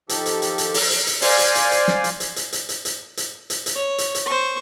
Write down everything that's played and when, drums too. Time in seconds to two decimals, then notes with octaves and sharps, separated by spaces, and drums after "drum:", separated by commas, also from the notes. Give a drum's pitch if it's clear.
0.09 D#3 F3 G4 A4, drum: hi-hat
0.26 drum: hi-hat
0.42 drum: hi-hat
0.58 drum: hi-hat
0.74 drum: open hi-hat
0.90 drum: hi-hat
1.07 drum: hi-hat
1.21 C5 D5 F5 G#5, drum: open hi-hat
1.39 drum: hi-hat
1.55 drum: hi-hat
1.71 drum: hi-hat
1.88 drum: snare
2.04 drum: hi-hat
2.20 drum: hi-hat
2.36 drum: hi-hat
2.53 drum: hi-hat
2.69 drum: hi-hat
2.85 drum: hi-hat
3.17 drum: hi-hat
3.50 drum: hi-hat
3.66 drum: hi-hat
3.75 C#5
3.98 drum: hi-hat
4.15 drum: hi-hat
4.26 C5 C#6